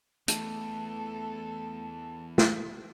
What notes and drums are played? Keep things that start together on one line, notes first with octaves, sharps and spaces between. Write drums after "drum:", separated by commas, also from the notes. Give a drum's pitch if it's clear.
E2 E3 A3 A4 A5, drum: hi-hat
drum: snare